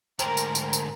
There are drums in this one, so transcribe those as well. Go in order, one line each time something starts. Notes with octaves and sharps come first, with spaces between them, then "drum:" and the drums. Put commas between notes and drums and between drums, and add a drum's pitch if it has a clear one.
D2 G#2 A#4 C5 G5 A5 A#5, drum: tambourine
drum: tambourine
drum: tambourine
drum: tambourine